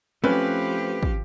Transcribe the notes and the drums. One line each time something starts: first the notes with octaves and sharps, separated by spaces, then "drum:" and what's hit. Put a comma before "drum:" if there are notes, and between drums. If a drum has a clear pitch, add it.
F3 A3 C4 C#4 G4 B4
drum: kick